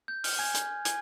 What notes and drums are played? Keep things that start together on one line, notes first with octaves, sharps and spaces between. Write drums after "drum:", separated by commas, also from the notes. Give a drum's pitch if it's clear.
G6
F6, drum: open hi-hat
G#5 G#6
drum: hi-hat
G#5 G#6, drum: hi-hat